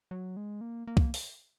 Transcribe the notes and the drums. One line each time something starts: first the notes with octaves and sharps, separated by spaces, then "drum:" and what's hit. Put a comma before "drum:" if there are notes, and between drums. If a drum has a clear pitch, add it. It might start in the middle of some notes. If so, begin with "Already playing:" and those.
F#3
G#3
A#3
A#3
drum: kick
drum: open hi-hat